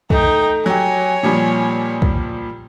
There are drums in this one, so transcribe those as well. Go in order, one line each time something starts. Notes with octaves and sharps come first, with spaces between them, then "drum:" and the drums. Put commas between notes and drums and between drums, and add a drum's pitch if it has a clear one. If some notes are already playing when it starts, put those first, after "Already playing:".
A3 D#4 G5, drum: kick
F#3 G4 C#5 G#5
A#2 F3 G3
drum: kick